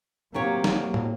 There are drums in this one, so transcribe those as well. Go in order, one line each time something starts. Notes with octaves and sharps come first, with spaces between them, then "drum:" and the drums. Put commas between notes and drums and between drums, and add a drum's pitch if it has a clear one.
C3 F#3 A#3 G4 C#5
drum: snare
drum: tom